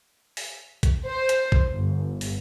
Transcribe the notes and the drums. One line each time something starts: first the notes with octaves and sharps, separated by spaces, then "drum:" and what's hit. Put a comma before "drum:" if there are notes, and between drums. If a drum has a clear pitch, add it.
drum: open hi-hat
drum: kick A1, hi-hat
C5
drum: hi-hat
drum: kick A1
G1
drum: open hi-hat